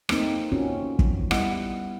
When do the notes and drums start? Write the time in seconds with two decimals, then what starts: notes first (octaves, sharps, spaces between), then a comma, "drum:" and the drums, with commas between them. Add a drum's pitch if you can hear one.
0.09 A3 A#3 C4 D#4, drum: rim click
0.52 A#3 C4 C#4 F4 F#4
0.99 drum: kick
1.31 G3 B3 E4 D#5 F#5, drum: rim click